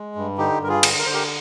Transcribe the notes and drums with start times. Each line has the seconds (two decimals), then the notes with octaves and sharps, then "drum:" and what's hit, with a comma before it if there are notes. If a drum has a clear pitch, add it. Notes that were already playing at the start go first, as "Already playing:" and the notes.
Already playing: G#3
0.16 G2
0.38 D3 D#4 G4
0.60 G2 A#4
0.69 F4 G#4
0.83 D3, drum: cymbal
0.99 A#4
1.06 D3 C5
1.14 G4 A#4